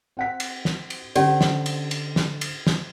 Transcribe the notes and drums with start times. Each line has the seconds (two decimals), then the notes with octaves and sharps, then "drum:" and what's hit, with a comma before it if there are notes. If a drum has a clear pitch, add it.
0.17 C4 F#5 B6
0.40 drum: cymbal
0.65 drum: snare
0.90 drum: cymbal
1.15 D3 C#4 G4 C5 D5, drum: cymbal
1.41 drum: snare
1.66 drum: cymbal
1.91 drum: cymbal
2.16 drum: snare
2.41 drum: cymbal
2.67 drum: snare